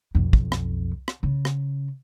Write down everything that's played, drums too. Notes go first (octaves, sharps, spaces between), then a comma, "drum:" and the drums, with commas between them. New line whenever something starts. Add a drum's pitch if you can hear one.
B1 F2
drum: kick
drum: rim click
drum: rim click
C#3
drum: rim click